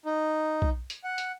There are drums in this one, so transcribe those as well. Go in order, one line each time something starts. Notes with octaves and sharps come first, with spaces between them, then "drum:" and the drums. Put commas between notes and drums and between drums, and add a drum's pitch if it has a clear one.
D#4
drum: kick
drum: hi-hat
F#5
drum: hi-hat